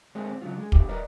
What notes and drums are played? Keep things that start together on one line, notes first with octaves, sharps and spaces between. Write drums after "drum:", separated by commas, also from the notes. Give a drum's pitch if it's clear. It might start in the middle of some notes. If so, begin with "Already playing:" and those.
G#3 A#3 C4 G#4
C4
C#3 F#3 F4
G#3 G#4
E2 G2 A#2 G4, drum: kick
A#4 B4 D5 D#5 A#5